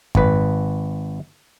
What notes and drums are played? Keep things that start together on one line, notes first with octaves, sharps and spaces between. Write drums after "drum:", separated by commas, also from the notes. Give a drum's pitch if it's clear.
G#1 B4, drum: kick F#2